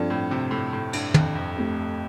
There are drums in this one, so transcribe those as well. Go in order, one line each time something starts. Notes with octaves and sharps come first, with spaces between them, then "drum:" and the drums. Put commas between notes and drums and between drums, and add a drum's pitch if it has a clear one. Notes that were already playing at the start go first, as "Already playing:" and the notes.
Already playing: G2 F3 C4 A4 D5
A2
C3
A2
A2
G2, drum: cymbal
F2, drum: tom
F2
A3 C4 G4